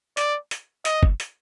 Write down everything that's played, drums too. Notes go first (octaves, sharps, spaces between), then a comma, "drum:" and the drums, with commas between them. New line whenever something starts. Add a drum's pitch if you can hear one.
D5, drum: hi-hat
drum: hi-hat
D#5, drum: hi-hat
drum: kick
drum: hi-hat